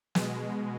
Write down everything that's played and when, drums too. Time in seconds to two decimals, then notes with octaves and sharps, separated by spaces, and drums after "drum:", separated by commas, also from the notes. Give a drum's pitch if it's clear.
0.15 B2 G#3, drum: snare